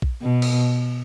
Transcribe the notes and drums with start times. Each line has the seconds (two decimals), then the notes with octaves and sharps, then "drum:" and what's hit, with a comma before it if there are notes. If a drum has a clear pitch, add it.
0.02 drum: kick A#1
0.22 B2
0.42 drum: cymbal